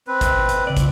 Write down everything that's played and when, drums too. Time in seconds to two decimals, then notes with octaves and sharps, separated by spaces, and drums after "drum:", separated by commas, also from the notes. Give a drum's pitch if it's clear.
0.07 C4 B4
0.21 drum: kick, hi-hat
0.49 drum: hi-hat
0.67 C#3 D5
0.77 drum: kick, hi-hat